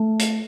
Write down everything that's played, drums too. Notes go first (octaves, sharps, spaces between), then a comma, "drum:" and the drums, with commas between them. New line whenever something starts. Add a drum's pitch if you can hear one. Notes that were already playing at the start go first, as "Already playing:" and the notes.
Already playing: A3
drum: hi-hat